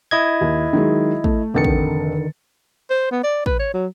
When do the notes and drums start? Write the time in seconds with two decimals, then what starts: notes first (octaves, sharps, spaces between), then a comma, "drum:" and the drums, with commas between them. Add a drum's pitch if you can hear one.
0.11 E4 D#5 G#6
0.41 D#2
0.73 D#3 F#3 G#3
1.24 A3, drum: kick
1.54 F1 D3 D#3 D#4 A6 C#7
1.64 drum: kick
2.90 C5
3.11 B3
3.24 D5
3.46 B4, drum: kick
3.59 C#5
3.74 F#3